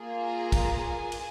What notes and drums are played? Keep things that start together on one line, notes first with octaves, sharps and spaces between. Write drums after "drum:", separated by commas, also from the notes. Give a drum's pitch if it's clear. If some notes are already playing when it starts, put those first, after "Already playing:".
Already playing: A#3 F4 G#4
A#5
drum: kick, cymbal
G#5
drum: cymbal